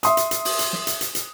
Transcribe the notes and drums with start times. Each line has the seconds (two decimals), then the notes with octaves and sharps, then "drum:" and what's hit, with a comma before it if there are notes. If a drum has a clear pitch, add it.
0.03 E5 C6 D#6, drum: hi-hat
0.17 drum: hi-hat
0.31 drum: hi-hat
0.45 drum: open hi-hat
0.59 drum: hi-hat
0.73 drum: snare
0.87 drum: hi-hat
1.01 drum: hi-hat
1.15 drum: hi-hat